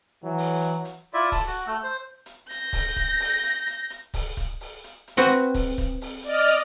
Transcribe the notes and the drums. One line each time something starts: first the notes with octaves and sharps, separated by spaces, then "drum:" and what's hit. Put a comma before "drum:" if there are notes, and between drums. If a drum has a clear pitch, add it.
E3 F#3
drum: open hi-hat
drum: hi-hat
drum: hi-hat
E4 F4 D5 E5
A5, drum: kick C#1, open hi-hat
F#4
A3
C5
drum: hi-hat
G6 A#6, drum: hi-hat
drum: kick C#1, open hi-hat
drum: kick C#1, hi-hat
drum: open hi-hat
drum: hi-hat
drum: hi-hat
drum: hi-hat
drum: kick C#1, open hi-hat
drum: kick C#1, hi-hat
drum: open hi-hat
drum: hi-hat
drum: hi-hat
C4 F#4 B4
drum: hi-hat
drum: kick C#1, open hi-hat
drum: kick C#1, hi-hat
drum: open hi-hat
D5 D#5 F6, drum: hi-hat
drum: hi-hat